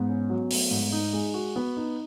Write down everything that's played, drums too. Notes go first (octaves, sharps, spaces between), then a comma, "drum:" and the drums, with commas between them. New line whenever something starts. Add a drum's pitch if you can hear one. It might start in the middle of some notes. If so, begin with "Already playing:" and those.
Already playing: G#2 B3
C#4
F#3
A3, drum: open hi-hat
G#2
D#4
G#3
F#4
B3
D#4